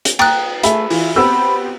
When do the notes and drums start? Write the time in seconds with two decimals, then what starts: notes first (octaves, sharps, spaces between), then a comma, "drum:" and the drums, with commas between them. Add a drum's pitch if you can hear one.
0.05 drum: hi-hat
0.19 G5 A#5 D#6 F#6 A6, drum: cymbal
0.63 A3 G#4 E5 B5, drum: hi-hat
0.90 E3 F4, drum: open hi-hat
1.16 B3 C4 G4 B5 E6